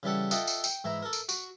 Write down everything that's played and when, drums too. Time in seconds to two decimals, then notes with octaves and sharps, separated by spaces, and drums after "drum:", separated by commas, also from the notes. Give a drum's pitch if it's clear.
0.03 C#3 E3 G3 A4 F#5
0.31 F4 A4 D#5 E5 F#5 G5, drum: tambourine
0.47 drum: tambourine
0.64 G5, drum: tambourine
0.84 G#2 E3 E4 A#5
1.03 A4 A#4
1.13 drum: tambourine
1.29 F#4, drum: tambourine